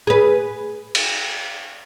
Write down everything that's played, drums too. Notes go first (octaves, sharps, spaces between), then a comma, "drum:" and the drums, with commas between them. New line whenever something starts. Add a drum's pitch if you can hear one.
G#4 B4
drum: cymbal